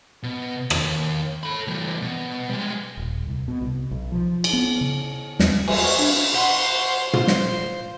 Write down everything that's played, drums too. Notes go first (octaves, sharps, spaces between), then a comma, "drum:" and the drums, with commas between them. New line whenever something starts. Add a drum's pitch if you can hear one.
B2
D#2, drum: rim click
A4 B5
E3 G3
B2
G3 G#3
D#1
C2
B2
C2
B1
F3
drum: cymbal
B3
C#3
E2, drum: snare
G3
G#5, drum: cymbal
C#6
D4
F#4 C5 C6
F4, drum: tom
drum: snare